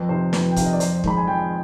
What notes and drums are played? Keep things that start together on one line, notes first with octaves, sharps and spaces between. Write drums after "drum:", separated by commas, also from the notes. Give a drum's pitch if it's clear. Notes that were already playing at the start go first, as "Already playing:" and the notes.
Already playing: F2 B4
C3 D#3 C5
F2 B4, drum: snare
G5
C3 D#3 F5, drum: kick, hi-hat
D#5
D5
F2 C5, drum: hi-hat
D#3 G#3 B5, drum: kick
G#5
F2 G5